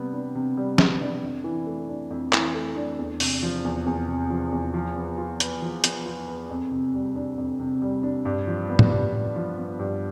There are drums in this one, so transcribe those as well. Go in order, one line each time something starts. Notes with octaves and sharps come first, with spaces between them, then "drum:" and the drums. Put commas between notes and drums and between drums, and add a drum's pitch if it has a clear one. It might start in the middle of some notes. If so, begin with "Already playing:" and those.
Already playing: C3 G3 B3
D4
C3
G3
B3, drum: snare
D4
F2
E3
A3
D4
F2
E3, drum: clap
A3
D4
E2
C3, drum: open hi-hat
F3
E2
E2
C3
F3
E2
F3
B3
F4
B4, drum: hi-hat
F3
B3, drum: hi-hat
F4
B4
F2
C3
G3
D4
F2
C3
G3
D4
G2
F3
B3
drum: tom A2
G2
G2
F3
B3
G2